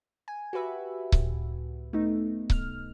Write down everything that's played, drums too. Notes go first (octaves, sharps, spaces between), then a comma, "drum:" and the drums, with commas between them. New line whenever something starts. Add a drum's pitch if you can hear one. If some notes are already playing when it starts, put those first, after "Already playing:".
G#5
F#4 G4 B4 E5
C#2 A2, drum: kick C#1
A3 B3 D#4
B1 F6, drum: kick C#1